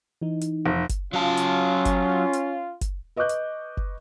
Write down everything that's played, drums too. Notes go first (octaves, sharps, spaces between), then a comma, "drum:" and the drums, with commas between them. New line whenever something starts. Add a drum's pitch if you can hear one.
E3 D#4
drum: hi-hat
F1
drum: kick F#1, hi-hat
F#3 C#4 F4 C#5 A5
drum: hi-hat
drum: kick F#1, hi-hat
drum: hi-hat
drum: kick F#1, hi-hat
B4 D#5 C#6 D6 F#6 G6
drum: hi-hat
drum: kick F#1